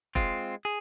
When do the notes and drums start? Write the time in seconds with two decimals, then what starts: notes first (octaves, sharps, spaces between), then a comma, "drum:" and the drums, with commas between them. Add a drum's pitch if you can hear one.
0.15 G#3 C4 F4, drum: kick F1
0.65 G#4